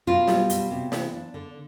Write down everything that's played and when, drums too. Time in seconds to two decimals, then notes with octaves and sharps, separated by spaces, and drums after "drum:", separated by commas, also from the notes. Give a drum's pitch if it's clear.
0.07 B2 F4
0.27 G3, drum: snare
0.50 B2, drum: hi-hat
0.71 C3
0.92 E3, drum: snare
1.14 D4
1.34 D3